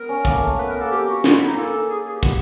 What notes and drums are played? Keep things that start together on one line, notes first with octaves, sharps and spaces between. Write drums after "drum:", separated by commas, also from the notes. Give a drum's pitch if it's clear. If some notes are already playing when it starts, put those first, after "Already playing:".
Already playing: B3 A#4
C#4
A#3, drum: kick
A3
B3 B4
B3 A#4
A#3 A4
G4
F#4
F4, drum: snare
E4
D#4
A#3 A4
G#4
G#4
G4
B3, drum: kick